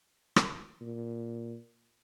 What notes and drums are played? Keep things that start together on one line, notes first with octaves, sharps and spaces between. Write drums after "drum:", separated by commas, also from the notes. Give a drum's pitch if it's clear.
drum: rim click
A#2